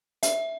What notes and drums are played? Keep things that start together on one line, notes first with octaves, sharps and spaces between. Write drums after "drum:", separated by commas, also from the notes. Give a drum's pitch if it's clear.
E5, drum: hi-hat